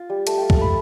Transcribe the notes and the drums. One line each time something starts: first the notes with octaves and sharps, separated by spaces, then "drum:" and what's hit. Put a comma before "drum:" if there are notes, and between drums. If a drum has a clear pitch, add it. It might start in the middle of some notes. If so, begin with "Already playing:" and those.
Already playing: F4
G3
A3, drum: hi-hat
F4 G5
A5, drum: kick
A3 B5